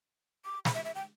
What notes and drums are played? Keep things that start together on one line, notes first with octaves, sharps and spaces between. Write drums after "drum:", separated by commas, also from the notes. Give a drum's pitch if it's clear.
D6
B5, drum: snare
E5
E5
G5